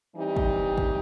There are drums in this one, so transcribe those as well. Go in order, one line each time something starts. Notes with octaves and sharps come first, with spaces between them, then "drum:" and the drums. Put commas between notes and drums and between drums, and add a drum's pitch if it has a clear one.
E3 G3 C4 D#4 G4
drum: kick
drum: kick